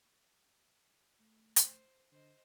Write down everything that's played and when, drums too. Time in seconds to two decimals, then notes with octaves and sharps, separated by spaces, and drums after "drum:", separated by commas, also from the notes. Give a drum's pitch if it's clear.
1.20 A3
1.56 C5, drum: hi-hat
2.12 D3 C5 D#5